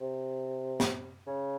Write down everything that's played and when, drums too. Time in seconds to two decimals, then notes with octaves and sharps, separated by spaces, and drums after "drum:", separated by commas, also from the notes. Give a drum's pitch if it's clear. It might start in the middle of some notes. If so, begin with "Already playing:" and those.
0.01 C3
0.80 drum: snare
1.27 C#3